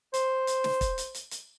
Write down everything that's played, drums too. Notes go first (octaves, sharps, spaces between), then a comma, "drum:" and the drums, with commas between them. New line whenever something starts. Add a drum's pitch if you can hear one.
C5, drum: hi-hat
drum: hi-hat
drum: snare
drum: kick, hi-hat
drum: hi-hat
drum: hi-hat
drum: hi-hat